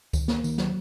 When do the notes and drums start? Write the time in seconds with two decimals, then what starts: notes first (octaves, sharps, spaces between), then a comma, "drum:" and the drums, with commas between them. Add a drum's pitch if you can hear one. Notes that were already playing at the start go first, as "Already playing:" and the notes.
0.13 D#3, drum: kick C#2, tambourine
0.28 A#3, drum: snare
0.44 D#3, drum: tambourine
0.58 F#3, drum: snare